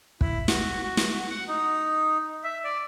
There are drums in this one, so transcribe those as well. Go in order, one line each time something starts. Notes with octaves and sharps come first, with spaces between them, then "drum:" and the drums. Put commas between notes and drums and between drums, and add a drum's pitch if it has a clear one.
E4, drum: kick
F#4, drum: snare
F#4
drum: snare
F#5
D#4
E5
D5